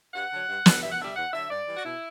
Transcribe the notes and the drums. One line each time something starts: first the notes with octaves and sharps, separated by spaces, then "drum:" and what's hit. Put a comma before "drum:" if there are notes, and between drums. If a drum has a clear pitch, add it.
G2 F#5
D3 F#3
G2
D3 F#3, drum: snare
G2 E5
F#5
D3 G3 E5
E2 F#5
D3 F#3 E5
G2 D5
E3 G3
F#4
B2 E4